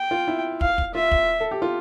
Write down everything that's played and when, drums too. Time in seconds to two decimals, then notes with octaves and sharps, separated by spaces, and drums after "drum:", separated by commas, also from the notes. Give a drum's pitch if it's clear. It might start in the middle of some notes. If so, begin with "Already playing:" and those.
Already playing: G5
0.11 F4
0.28 E4
0.61 F5, drum: kick
0.78 drum: kick
0.94 F4 E5
1.12 drum: kick
1.40 A4
1.51 G4
1.62 F4